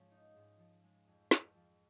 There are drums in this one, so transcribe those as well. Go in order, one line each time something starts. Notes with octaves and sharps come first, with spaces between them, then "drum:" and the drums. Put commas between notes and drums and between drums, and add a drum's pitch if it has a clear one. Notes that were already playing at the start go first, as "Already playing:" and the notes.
Already playing: G#2 F3 C#4
D#4
G#2
F3
G#3
F2
F2, drum: snare
F3